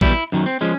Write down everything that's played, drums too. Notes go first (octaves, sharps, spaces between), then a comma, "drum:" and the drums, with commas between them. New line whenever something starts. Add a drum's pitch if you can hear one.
E2 B2 G3 E4, drum: kick A1
F#2 D#3 F#3
C4
F3 G#3 C#4